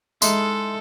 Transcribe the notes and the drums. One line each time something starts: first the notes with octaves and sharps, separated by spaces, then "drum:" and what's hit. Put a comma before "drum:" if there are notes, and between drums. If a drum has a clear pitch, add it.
G#3 D#4 E4 A4 C6, drum: tambourine